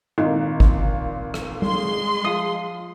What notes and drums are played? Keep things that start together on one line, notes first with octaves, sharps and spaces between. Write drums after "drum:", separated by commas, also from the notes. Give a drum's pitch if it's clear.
G#1 A#2 D#4
drum: kick
drum: rim click
G#3 C6, drum: tom G3
F3 D#6 C7